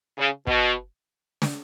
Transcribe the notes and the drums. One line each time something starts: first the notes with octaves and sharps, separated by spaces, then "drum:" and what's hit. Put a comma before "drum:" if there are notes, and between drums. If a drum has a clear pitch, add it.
C#3
B2, drum: kick
drum: snare